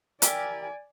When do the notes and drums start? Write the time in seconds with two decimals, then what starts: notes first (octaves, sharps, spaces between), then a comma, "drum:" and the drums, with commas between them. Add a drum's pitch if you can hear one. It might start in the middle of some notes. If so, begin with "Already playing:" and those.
0.22 E4 G4 A#4 D5 G#5, drum: hi-hat